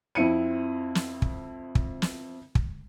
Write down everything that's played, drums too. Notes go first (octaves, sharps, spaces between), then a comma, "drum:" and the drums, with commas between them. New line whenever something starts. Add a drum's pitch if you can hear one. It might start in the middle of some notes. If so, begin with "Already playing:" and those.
F2 C4 E4 C#7 D#7
drum: snare
drum: kick
drum: kick
drum: snare
drum: kick